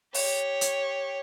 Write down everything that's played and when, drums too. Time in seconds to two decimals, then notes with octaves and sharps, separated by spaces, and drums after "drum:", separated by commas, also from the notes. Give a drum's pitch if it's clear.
0.14 G4 C#5, drum: open hi-hat
0.61 drum: hi-hat